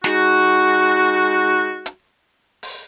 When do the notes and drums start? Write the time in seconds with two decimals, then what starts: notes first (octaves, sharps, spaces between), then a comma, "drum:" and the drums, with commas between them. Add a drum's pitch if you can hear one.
0.04 G#3 D#4 F#4, drum: snare
1.86 drum: hi-hat
2.63 drum: open hi-hat